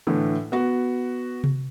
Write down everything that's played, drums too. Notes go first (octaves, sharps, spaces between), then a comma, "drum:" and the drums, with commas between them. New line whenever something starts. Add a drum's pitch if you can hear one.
A2 D3 E3
B3 F#4
drum: tom C3